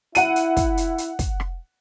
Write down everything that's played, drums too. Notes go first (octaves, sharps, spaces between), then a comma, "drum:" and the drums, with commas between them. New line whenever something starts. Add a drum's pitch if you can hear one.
E4 F#5 D#7, drum: hi-hat
drum: hi-hat
drum: kick, hi-hat
drum: hi-hat
drum: hi-hat
drum: kick, hi-hat
drum: rim click